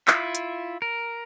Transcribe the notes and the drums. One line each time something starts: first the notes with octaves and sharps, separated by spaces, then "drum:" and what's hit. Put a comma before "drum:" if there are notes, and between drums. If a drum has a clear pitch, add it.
E4 F4 E5, drum: clap
drum: hi-hat
A#4